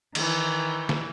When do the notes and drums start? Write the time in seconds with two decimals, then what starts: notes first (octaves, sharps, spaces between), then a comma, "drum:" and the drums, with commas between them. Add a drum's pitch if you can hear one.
0.15 D#3 E3, drum: cymbal
0.89 drum: snare